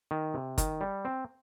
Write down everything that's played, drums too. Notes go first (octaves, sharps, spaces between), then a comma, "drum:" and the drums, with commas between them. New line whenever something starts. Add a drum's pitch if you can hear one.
D#3
C3
D#3, drum: kick, hi-hat
G3
C4